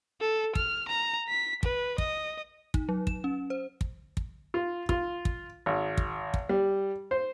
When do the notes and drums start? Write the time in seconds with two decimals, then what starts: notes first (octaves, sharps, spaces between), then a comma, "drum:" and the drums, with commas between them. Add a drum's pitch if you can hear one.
0.20 A4
0.55 F6, drum: kick
0.88 A#5
1.29 B6
1.63 B4, drum: kick
1.98 D#5, drum: kick
2.74 D#4, drum: kick
2.89 F#3
3.07 E7, drum: kick
3.24 C#4
3.50 C5
3.81 drum: kick
4.17 drum: kick
4.54 F4
4.89 F4, drum: kick
5.25 drum: kick
5.66 G#1
5.98 drum: kick
6.34 drum: kick
6.49 G3
7.11 C5